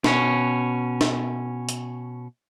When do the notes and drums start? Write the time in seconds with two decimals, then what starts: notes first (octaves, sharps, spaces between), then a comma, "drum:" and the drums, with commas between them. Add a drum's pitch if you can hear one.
0.04 B2 C#4, drum: snare
1.01 drum: snare
1.69 drum: hi-hat